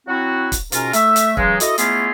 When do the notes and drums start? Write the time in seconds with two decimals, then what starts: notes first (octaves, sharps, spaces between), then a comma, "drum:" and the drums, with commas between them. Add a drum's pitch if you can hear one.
0.07 F#3 C4 E4 F#4
0.52 drum: kick, hi-hat
0.72 G#2 B2 C#4 F4 A#4, drum: hi-hat
0.93 A3 E5, drum: hi-hat
1.16 drum: hi-hat
1.37 C#3 E3 F#3 G#3, drum: kick
1.60 E4 F#4 A4 D#5, drum: hi-hat
1.78 G#3 A3 B3 C#4 E4 F4, drum: hi-hat